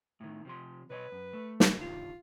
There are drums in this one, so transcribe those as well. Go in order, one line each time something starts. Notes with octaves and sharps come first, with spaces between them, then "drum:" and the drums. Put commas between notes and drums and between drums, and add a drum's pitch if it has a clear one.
A2 D#3
C3 F3 C6
B2 B4 C#5 D#5
F#2
A3
drum: snare
C2 G2 D#3 F4